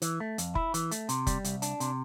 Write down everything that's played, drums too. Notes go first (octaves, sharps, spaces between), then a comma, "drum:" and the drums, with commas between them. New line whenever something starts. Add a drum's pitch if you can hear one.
E3, drum: hi-hat
A3
F2, drum: hi-hat
E4, drum: kick F1
E3, drum: hi-hat
A3, drum: hi-hat
C3, drum: hi-hat
G3, drum: kick F1, hi-hat
C2, drum: hi-hat
D4, drum: hi-hat
C3, drum: hi-hat